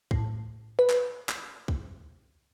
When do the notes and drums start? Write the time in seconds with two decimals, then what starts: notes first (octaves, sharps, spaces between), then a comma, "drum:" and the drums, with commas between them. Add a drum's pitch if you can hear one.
0.11 A2, drum: kick
0.79 B4
0.90 drum: clap
1.29 drum: clap
1.68 drum: kick